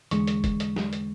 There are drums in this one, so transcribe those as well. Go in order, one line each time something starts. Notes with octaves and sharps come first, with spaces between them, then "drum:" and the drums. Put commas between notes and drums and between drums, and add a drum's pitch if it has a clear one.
E2 D3 G#3 C#6, drum: hi-hat
drum: hi-hat
drum: kick, hi-hat
drum: hi-hat
drum: snare
drum: hi-hat